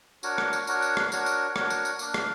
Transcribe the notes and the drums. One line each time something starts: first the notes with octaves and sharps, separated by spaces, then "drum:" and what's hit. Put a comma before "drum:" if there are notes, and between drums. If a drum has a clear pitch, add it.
D4 F#4 A#4 C#5, drum: tambourine
drum: rim click
drum: tambourine
D4 F#4 A#4 C#5, drum: tambourine
drum: tambourine
drum: rim click
D4 F#4 A#4 C#5, drum: tambourine
drum: tambourine
D4 F#4 A#4 C#5, drum: rim click
drum: tambourine
drum: tambourine
A#3 D4 A#4, drum: tambourine
drum: rim click